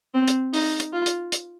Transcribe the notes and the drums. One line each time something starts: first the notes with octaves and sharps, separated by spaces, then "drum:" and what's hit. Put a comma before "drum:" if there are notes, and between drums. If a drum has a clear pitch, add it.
C4
drum: hi-hat
D#4, drum: open hi-hat
drum: hi-hat
F4
drum: hi-hat
drum: hi-hat